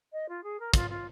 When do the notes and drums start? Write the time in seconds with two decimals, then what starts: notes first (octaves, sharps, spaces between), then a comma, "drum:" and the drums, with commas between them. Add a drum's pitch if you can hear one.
0.12 D#5
0.28 F4
0.43 G#4
0.59 A#4
0.74 F4, drum: kick, hi-hat
0.89 F4